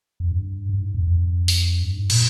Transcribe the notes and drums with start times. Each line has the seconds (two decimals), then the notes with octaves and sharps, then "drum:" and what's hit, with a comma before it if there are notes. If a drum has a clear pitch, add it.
0.20 F2
0.31 G2
0.69 G2
0.82 G#2
0.95 F2
1.07 F2
1.48 drum: open hi-hat
1.83 G2
1.96 G#2
2.10 A#2, drum: cymbal